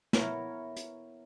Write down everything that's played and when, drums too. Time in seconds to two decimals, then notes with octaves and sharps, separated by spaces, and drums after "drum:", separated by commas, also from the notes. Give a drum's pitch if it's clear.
0.13 B3 E4 A#4 C#5, drum: snare
0.76 drum: hi-hat